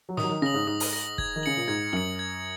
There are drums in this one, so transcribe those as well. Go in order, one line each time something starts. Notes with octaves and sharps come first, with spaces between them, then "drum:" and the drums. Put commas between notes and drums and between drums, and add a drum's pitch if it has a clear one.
F#3
D#3 D#6, drum: snare
F#3
D#3
C#3 A#6 F#7
G#2
G#2 D#6
drum: open hi-hat
A#6 F#7
G#6, drum: kick
D#3
C#3 C#7 F#7
A#2
G#2 G#6
F#2 C#7 F#7
G#6